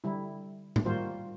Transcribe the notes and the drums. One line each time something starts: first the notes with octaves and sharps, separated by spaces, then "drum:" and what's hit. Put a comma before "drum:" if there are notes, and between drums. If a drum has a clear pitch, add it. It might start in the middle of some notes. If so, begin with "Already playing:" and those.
D3 G3 E4
drum: tom A2
D#3 G3 A#3 F4 F#4 C5